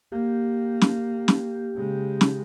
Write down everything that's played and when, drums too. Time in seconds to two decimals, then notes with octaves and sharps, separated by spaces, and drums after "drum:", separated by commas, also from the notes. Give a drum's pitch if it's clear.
0.12 A#3 G4
0.82 drum: snare
1.28 drum: snare
1.76 C#3 G#3
2.21 drum: snare